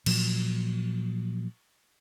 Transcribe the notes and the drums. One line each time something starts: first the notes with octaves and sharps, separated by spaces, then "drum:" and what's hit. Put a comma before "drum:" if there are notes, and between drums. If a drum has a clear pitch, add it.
A#2 F3 F#3, drum: cymbal